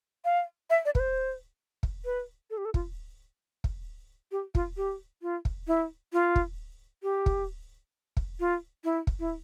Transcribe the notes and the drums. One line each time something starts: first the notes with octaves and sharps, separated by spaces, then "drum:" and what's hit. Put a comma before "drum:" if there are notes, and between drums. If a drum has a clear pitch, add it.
F5
E5
D5
B4, drum: kick
C5
drum: kick
B4
A4
G4
A4
F4, drum: kick
drum: kick
G4
F4, drum: kick
G4
F4
drum: kick
E4
F4
drum: kick
G4
drum: kick
drum: kick
F4
E4
drum: kick
E4